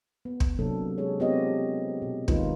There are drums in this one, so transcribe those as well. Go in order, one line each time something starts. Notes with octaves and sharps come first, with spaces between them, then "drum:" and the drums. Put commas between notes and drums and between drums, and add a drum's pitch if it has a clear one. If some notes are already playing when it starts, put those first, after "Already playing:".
B3
drum: kick
C3 F#3 A#3 D4 A4
G#3 G#4 C#5
B3 C4 F4 G4 C#5 D#5
B2
D#3 G#3 A#3 D#4 F4 B4, drum: kick